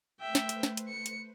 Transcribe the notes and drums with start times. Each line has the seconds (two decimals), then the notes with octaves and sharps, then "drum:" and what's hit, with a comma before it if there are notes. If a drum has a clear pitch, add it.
0.21 A3 B4 C5 E5 G5
0.35 drum: snare
0.49 drum: hi-hat
0.63 drum: snare
0.77 drum: hi-hat
0.88 C#7
1.06 drum: hi-hat